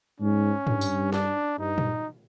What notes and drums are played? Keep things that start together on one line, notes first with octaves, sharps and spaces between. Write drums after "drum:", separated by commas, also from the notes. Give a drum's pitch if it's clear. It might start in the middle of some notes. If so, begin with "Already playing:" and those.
G#2 C#4
G2, drum: tom G#2
drum: tambourine
D4, drum: snare
G2 D#4
drum: tom A#2